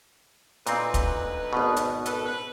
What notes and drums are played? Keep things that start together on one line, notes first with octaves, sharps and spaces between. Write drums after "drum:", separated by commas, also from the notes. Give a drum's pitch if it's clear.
D2 A#2 C4 D#4 B4, drum: hi-hat
drum: kick, hi-hat
G#1 B2
drum: hi-hat
A4 B4, drum: hi-hat
B4